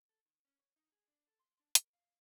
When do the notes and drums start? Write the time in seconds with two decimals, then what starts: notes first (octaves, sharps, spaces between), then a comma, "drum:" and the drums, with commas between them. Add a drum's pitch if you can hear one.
0.09 A4
0.25 D#3
0.45 C#4
0.59 C#5
0.76 D#4
0.92 G#4
1.08 D4
1.27 A4
1.39 C6
1.60 D4
1.75 A#4, drum: hi-hat
1.93 F5